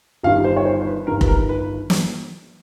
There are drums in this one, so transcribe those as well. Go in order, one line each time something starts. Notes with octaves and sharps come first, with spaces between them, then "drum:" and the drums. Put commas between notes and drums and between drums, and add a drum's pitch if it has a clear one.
G1 G2 D#3 F5
C5
C#5
C5
C5
B4
G1 G2 D#3 A#4
B4, drum: kick F1
A#4
B4
drum: snare